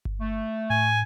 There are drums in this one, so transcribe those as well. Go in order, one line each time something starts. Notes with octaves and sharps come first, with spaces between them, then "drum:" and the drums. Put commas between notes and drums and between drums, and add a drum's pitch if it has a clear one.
drum: kick G1
A3
A2 G#5